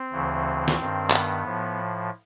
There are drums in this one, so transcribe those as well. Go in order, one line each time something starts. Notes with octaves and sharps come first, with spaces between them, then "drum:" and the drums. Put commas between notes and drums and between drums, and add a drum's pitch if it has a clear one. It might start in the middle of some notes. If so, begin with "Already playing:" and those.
Already playing: C4
D2 C#3 E3
drum: snare
G2 D#3
B3, drum: clap
A2 F3